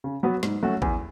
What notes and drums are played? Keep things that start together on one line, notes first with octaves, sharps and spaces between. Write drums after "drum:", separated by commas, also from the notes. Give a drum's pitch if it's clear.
C#3
F#3 B3 F#4 B4
G#2, drum: snare
F#3 A3 C#4 F#4
E2, drum: kick A1